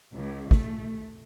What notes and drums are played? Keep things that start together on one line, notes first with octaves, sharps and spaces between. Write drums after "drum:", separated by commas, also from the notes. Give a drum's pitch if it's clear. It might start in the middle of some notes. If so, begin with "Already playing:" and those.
C#2
A3, drum: kick